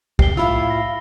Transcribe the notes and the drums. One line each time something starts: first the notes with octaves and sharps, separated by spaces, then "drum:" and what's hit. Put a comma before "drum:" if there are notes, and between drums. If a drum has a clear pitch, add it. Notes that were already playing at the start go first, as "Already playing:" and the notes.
G4 C7 G7, drum: kick
A2 E4 F4 F5 B5 E6
A#6